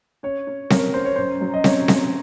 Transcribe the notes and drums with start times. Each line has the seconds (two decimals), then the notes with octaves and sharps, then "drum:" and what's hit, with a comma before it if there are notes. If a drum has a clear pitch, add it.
0.23 C#4 C#5
0.47 C#4
0.70 C#4 A#4, drum: snare C4
0.94 C#4 C5
1.05 C#5
1.16 F#2 C5
1.41 F#3
1.54 D#5
1.64 F#2 C#5, drum: snare C4
1.88 F#2, drum: snare C4